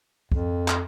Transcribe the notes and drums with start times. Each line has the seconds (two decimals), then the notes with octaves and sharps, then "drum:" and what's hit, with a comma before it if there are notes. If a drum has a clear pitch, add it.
0.32 F2, drum: kick
0.68 drum: clap